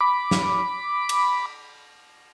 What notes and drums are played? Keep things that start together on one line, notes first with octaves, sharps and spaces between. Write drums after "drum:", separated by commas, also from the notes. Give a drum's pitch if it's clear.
B5 D6
drum: snare
drum: cymbal